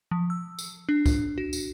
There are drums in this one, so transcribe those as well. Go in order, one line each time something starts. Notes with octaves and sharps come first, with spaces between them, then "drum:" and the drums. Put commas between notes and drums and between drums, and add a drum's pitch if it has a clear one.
F3
E6
drum: tambourine
D4
drum: kick C#2, tambourine
F#4
drum: tambourine